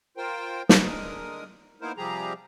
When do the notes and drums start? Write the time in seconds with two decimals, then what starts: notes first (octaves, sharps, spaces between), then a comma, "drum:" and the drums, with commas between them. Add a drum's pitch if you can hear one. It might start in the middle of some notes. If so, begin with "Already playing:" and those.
0.17 F4 A#4 C5 G5
0.69 D3 G#3 A#4 D#6, drum: snare
1.81 A#3 B3 D#4 E4 A#4 C5
1.97 C3 F3 G3 G4 G#4 A#5